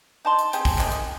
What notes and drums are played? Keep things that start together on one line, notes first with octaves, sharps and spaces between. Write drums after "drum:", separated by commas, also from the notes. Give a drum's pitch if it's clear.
D#4 A5 C6
drum: hi-hat
C4 G4 G#4, drum: hi-hat
drum: kick, open hi-hat
C3 D#3 G#4, drum: clap
drum: hi-hat